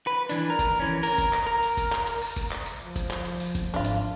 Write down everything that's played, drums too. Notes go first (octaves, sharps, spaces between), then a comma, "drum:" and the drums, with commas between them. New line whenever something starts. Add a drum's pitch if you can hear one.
B4
E3 D4, drum: hi-hat
A#4
drum: kick, hi-hat
E3 C#4
A#4, drum: open hi-hat
drum: kick, hi-hat
drum: clap
A#4
drum: open hi-hat
drum: kick, hi-hat
drum: clap
drum: hi-hat
drum: open hi-hat
drum: kick, hi-hat
drum: clap
drum: hi-hat
F3
drum: kick, hi-hat
drum: clap
drum: hi-hat
drum: open hi-hat
drum: kick, hi-hat
G#1 D4 F4
drum: hi-hat